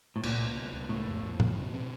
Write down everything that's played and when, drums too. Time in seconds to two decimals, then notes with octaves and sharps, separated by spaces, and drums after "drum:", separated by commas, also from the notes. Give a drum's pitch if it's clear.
0.16 A2
0.23 C#2 A#2, drum: cymbal
0.40 C#2
0.56 B2
0.73 C#2
0.89 A2 A#3
1.07 F2
1.23 F2
1.40 C#3, drum: tom A2
1.57 B2
1.73 C4